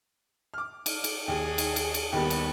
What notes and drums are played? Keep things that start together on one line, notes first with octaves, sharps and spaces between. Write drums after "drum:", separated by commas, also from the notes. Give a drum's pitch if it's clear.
D6 F6
drum: cymbal
drum: cymbal
D#2 G#4
drum: cymbal
drum: cymbal
drum: cymbal
D#2 D#3 G3 B3
drum: cymbal